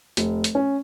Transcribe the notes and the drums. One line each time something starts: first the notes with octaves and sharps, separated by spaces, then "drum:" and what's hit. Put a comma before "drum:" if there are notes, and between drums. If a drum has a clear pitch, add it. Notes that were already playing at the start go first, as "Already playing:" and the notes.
F1, drum: hi-hat
drum: hi-hat
C#4